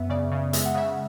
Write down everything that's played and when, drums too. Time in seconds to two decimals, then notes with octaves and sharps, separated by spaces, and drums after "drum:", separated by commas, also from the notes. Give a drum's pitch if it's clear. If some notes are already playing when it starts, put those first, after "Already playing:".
Already playing: F#2 B3 E5
0.10 C#3 D5
0.32 C#3
0.53 G#3 E5, drum: hi-hat
0.66 F#5
0.75 C#3 E5